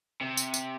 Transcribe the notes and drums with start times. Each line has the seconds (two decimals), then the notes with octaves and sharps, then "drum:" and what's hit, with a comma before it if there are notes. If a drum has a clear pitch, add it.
0.21 C3
0.37 drum: tambourine
0.54 drum: tambourine